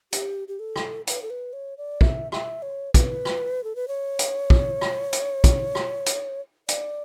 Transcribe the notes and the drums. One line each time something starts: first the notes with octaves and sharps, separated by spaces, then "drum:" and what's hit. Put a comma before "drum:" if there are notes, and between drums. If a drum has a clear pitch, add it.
G4, drum: hi-hat
G4
A4
drum: rim click
B4, drum: hi-hat
A4
B4
C#5
D5
E5, drum: kick
E5, drum: rim click
C#5
B4, drum: kick, hi-hat
drum: rim click
A4
B4
C#5
drum: hi-hat
drum: kick
drum: rim click
drum: hi-hat
drum: kick, hi-hat
drum: rim click
drum: hi-hat
D5, drum: hi-hat